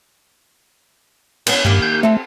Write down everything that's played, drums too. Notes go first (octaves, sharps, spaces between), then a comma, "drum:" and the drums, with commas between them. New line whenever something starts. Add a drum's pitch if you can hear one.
B3 C#4, drum: cymbal
G2 D#3 A#3 G4
G6
A3 C4 A4